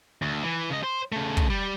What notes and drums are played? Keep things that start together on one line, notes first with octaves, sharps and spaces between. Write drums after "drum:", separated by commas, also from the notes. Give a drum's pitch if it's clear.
D2
E3
C#3 D#5
C5
C#3 A3
drum: kick
G3